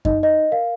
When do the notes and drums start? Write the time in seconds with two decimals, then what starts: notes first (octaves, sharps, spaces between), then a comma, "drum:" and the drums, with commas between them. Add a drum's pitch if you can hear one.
0.05 D#4 D#5, drum: kick F#2
0.23 D#5
0.52 A#4 F5